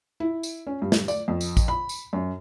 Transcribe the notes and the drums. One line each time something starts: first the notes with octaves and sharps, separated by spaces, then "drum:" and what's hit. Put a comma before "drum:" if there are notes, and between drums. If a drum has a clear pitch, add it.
E4
drum: tambourine
C#4
G2
drum: snare
D5, drum: tambourine
F2
drum: tambourine
drum: kick A1, tambourine
B5
drum: tambourine
F#2